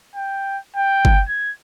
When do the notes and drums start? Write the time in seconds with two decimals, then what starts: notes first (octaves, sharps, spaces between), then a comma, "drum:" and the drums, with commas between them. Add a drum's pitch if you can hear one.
0.16 G5
0.76 G5
1.05 drum: kick G1
1.29 G#6